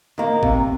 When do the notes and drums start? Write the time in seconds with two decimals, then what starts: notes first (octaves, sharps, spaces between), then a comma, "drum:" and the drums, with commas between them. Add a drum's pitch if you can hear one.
0.18 D#3 A#3
0.43 C3, drum: kick G#1